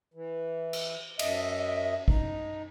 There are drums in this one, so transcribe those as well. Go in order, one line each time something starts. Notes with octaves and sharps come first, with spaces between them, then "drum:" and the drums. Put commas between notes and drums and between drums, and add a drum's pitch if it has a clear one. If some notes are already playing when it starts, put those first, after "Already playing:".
E3
drum: cymbal
F#2 D#5 E5, drum: cymbal
D#4, drum: kick